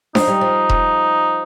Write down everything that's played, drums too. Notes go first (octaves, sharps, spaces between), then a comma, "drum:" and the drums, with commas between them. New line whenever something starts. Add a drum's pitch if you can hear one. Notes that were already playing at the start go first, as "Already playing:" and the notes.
F3 D#4, drum: snare D4
G3
F3
drum: kick E1